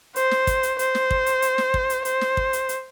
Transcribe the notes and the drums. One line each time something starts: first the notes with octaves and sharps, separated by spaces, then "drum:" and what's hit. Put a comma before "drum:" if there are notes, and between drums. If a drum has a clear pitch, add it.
C5, drum: hi-hat
drum: snare
drum: kick, hi-hat
drum: hi-hat
C5, drum: hi-hat
drum: snare
drum: kick
drum: hi-hat
drum: hi-hat
drum: snare
drum: kick
drum: hi-hat
C5, drum: hi-hat
drum: snare
drum: kick
drum: hi-hat
drum: hi-hat